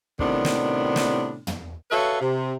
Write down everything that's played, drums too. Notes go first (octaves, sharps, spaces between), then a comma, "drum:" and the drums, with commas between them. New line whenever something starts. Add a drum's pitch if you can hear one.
A2 C3 D#3 B3 D4, drum: kick
drum: snare
drum: snare
drum: tom
F#4 A4 B4 C#5 E5 F5
C3